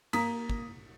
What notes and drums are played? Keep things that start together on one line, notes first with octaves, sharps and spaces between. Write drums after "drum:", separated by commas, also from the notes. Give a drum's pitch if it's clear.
A#3 A#5 D#6 B6, drum: cymbal
drum: kick